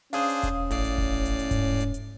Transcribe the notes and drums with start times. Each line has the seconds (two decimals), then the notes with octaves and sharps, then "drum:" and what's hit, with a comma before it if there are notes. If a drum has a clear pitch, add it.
0.13 C#4 D4 G#4 C5 F5 D#6, drum: hi-hat
0.30 drum: hi-hat
0.43 drum: kick E1, hi-hat
0.71 G#1 A2 D5 C7, drum: hi-hat
0.84 drum: hi-hat
0.98 drum: kick E1
1.25 drum: hi-hat
1.39 drum: hi-hat
1.51 G#2, drum: kick E1, hi-hat
1.80 drum: hi-hat
1.94 drum: hi-hat